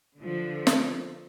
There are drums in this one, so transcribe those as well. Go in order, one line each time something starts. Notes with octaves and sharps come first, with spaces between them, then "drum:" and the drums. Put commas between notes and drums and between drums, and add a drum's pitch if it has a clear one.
D3 F3
drum: snare